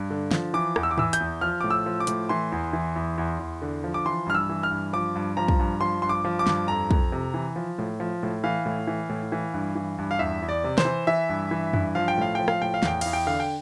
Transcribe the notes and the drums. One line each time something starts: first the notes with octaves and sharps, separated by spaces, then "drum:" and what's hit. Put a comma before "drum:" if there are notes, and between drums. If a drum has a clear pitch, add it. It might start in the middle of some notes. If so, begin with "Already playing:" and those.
Already playing: G2
D3
F3, drum: snare
E3 D6
E2, drum: rim click
E6
D6
E3 E6, drum: tom G#2
G6, drum: hi-hat
E2
F3 F6
A2 D6
E6
F3
D6
A2, drum: hi-hat
E3 C6
E2
E3
E2
E2
E2
D3
F3
D6
E3 C6
G2 F6
E6
E3
F6
G2
F3 D6
G2
F3 A#5
drum: kick
G2
F3 C6
G2 C6
D6
F3
D6
G2, drum: snare
F2 A#5
F2, drum: kick
C3
E3
F3
A2
F3
A2
E3 F5
A2
E3
A2
E3
G2
E3
G2
F5
E2 E5
E2
D5
C3
C5, drum: snare
E3
E3 E5
G2
E3
G2, drum: tom F2
F3 F5
G5
A2 F5
F3 G5
F5, drum: rim click
A2 G5
F5
E2 G5, drum: snare
E2 F5, drum: cymbal
G5
D3 F5
G5